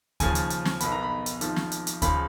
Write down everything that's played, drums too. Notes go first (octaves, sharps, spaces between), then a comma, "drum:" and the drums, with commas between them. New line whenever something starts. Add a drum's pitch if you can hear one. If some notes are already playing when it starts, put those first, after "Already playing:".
D#2 C#3 F3 G#5, drum: kick D2, hi-hat
drum: hi-hat
drum: hi-hat
drum: snare
B1 B2 B5, drum: hi-hat
A#5
B5
drum: hi-hat
G#1 G#2 F3, drum: hi-hat
drum: snare
drum: hi-hat
drum: hi-hat
C#2 C#3 F3 B5, drum: kick D2, hi-hat